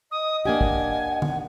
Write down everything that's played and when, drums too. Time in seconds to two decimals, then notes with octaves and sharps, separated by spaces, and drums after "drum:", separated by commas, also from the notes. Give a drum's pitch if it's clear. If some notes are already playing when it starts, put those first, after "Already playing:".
0.11 D#5 D#6
0.45 A#3 D4 G4 F#5 G#5
0.61 drum: kick
1.22 drum: tom D3